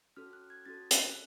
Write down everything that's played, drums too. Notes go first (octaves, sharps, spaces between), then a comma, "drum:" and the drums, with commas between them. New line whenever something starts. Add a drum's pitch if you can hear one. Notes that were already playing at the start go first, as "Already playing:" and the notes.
C#4 F#4 A4 F6
F#6
G#6
C#4 F#4 A4 A6
F#6, drum: hi-hat